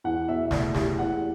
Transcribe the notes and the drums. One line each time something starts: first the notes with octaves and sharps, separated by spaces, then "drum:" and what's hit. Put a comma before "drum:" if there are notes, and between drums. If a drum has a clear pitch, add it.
E2 F#5
B2 E5
E5
A3 D5, drum: snare
E2 G4, drum: snare
E2 F#5